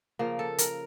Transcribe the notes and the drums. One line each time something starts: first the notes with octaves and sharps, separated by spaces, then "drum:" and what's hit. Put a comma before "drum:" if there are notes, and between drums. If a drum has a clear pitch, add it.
C#3 F3 A#3
A4
A#4, drum: hi-hat